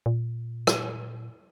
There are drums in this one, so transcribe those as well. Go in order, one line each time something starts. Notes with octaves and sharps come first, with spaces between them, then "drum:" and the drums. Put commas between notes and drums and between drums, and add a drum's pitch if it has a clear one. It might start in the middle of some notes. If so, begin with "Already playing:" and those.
A#2
drum: rim click